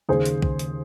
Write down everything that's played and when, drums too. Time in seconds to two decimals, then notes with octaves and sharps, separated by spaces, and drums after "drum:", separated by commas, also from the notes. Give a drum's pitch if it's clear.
0.09 D#2 C#3 G#4 C5
0.25 drum: hi-hat
0.42 drum: kick
0.59 drum: hi-hat